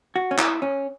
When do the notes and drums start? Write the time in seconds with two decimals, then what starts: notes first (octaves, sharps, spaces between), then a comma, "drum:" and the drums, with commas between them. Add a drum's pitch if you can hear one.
0.16 F#4
0.31 C#4
0.38 E4, drum: clap
0.62 C#4